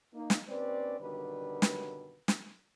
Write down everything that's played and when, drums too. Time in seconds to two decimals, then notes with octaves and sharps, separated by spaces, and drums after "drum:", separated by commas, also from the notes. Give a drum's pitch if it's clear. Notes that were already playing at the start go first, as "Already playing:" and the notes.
0.13 A#3 D#4
0.30 drum: snare
0.48 D#2 C4 C#4 B4 D5
1.00 F#2 B2 D3 D#3 G3 B4
1.62 drum: snare
2.28 drum: snare